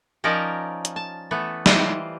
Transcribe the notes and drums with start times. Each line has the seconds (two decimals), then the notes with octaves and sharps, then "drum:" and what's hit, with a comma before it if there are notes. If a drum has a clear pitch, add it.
0.24 F3 C#4 D#4 A#4 D5
0.85 drum: hi-hat
0.96 A5
1.31 E3 A3 B3
1.66 E3 G3 F4 G4 C5 D#5, drum: snare